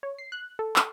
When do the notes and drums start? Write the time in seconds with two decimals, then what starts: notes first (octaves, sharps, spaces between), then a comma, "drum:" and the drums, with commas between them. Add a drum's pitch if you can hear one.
0.03 C#5
0.18 C7
0.32 F#6
0.59 A4
0.76 drum: clap